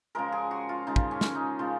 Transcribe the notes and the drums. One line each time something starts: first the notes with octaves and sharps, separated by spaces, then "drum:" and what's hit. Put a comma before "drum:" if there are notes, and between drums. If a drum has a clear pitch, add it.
C#3 F3 G#3 A#4
G#4
F#4
F4
C#3 F3 G#3 D#4
drum: kick
C#4
drum: snare
D#4
C#3 F3 G#3